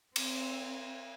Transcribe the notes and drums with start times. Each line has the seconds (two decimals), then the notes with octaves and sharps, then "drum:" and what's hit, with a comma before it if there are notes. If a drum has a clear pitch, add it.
0.16 C4, drum: cymbal